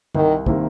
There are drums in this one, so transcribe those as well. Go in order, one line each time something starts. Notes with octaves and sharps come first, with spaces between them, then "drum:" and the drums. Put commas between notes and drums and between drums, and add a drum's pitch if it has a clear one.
C2 D#3, drum: tom
C3 D#3 A#3, drum: kick